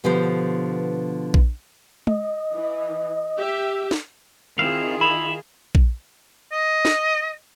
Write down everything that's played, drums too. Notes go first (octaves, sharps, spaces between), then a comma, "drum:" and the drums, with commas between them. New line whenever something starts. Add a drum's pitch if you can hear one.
B2 D3 F3 B3 G4 C5
drum: kick A#1
D#5, drum: tom G#3
E3
G4 E5
drum: snare
D#3 C4 E4 F4 G#4 F5
E4 B5 E7 F7
drum: kick A#1
D#5
drum: snare